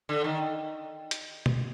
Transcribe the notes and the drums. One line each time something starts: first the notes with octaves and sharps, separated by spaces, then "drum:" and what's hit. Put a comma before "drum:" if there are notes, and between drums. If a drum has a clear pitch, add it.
D3
D#3
drum: hi-hat
drum: tom B2